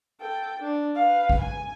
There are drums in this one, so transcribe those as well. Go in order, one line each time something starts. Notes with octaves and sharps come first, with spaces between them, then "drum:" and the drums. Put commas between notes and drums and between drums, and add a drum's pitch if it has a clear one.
A4 G5
D4
B4 F5
drum: kick A1
G#5